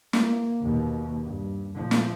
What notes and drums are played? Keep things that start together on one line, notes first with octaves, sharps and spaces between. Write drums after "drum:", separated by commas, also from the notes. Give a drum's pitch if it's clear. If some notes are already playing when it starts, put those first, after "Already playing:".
A#3, drum: snare
D#2 B2
G2
A#2 F3
drum: snare